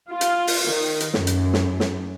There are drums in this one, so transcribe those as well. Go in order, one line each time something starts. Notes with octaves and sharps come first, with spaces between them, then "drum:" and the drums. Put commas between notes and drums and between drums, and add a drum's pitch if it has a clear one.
F4
drum: hi-hat
drum: open hi-hat
D#3
drum: hi-hat
F#2, drum: snare
drum: hi-hat
drum: snare
drum: snare